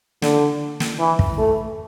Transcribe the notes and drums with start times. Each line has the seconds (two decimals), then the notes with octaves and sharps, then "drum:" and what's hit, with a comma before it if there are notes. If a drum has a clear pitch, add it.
0.22 D3, drum: snare
0.80 drum: snare
0.99 E3
1.19 drum: kick
1.38 A3